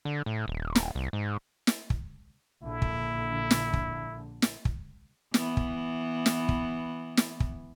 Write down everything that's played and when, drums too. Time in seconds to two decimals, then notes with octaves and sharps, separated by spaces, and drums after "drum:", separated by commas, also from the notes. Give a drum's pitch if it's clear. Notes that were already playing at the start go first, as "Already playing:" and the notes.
0.05 D3
0.26 A2
0.48 D#1
0.75 drum: snare
0.95 C2
1.13 G#2
1.67 drum: snare
1.90 drum: kick
2.63 A#1 D3 E4
2.82 drum: kick
3.51 drum: snare
3.73 drum: kick
4.42 drum: snare
4.65 drum: kick
5.34 E3 B3, drum: snare
5.57 drum: kick
6.26 drum: snare
6.49 drum: kick
7.17 drum: snare
7.40 drum: kick